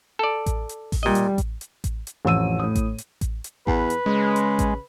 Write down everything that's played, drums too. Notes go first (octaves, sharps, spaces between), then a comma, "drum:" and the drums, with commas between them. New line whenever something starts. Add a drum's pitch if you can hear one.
A4 D5
drum: kick A1, hi-hat
drum: hi-hat
drum: kick A1, open hi-hat
A#2 G3 D#5
drum: hi-hat
drum: kick A1, hi-hat
drum: hi-hat
drum: kick A1, hi-hat
drum: hi-hat
A1 F2 E6 D#7
A2 D#6
drum: kick A1, hi-hat
drum: hi-hat
drum: kick A1, hi-hat
drum: hi-hat
E2 B4, drum: kick A1
drum: hi-hat
C#3 G#3
drum: hi-hat
drum: kick A1, hi-hat